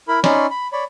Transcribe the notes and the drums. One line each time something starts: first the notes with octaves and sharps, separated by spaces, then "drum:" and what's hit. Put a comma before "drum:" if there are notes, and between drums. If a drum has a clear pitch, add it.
E4 A#4 B5
C#4 D#4 C#5 D5 B5 C6, drum: snare
B5
C#5 D5 B5